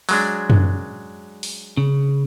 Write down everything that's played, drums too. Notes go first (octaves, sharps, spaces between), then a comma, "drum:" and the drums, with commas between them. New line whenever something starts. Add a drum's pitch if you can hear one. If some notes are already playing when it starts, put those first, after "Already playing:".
F#3 G#3 D4, drum: open hi-hat
drum: tom F#2
drum: open hi-hat
C#3